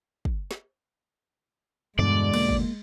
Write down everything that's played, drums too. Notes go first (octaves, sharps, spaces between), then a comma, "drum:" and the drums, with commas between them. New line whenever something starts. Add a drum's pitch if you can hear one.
drum: kick
drum: snare
E2 G2 B2 D3 G#3 D5
A#3, drum: cymbal
drum: kick